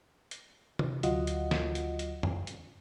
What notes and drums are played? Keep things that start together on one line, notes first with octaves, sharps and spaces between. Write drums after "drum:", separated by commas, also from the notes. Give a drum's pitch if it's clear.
drum: hi-hat
drum: tom C3
D2 F#3 F4 D#5 F#5, drum: hi-hat
drum: hi-hat
drum: snare
drum: hi-hat
drum: hi-hat
drum: tom
drum: hi-hat